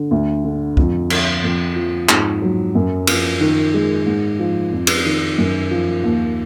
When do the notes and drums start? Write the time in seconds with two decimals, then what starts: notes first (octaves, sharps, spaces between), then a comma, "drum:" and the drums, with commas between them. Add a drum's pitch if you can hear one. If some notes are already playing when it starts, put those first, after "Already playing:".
Already playing: D3
0.11 D2
0.44 D3
0.77 F2, drum: kick
1.10 F3, drum: cymbal
1.43 F2
1.76 F3
2.09 G#2, drum: clap
2.42 F#3
2.75 F#2
3.07 F3, drum: cymbal
3.41 D#3
3.74 G#3
4.06 G#2
4.40 F3
4.72 F2
4.87 drum: cymbal
5.05 D#3
5.38 F#2
5.71 F3
6.04 D#2